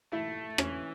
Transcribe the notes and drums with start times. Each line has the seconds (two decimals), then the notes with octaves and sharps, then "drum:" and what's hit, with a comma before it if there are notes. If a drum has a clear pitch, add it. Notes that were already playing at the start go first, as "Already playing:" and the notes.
0.12 A3 E4
0.58 E3 C#4, drum: rim click